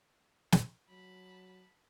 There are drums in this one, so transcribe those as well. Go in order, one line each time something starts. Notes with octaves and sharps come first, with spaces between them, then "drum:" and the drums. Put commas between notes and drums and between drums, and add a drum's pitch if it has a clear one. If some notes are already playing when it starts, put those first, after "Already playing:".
drum: snare
F#3 A5 B5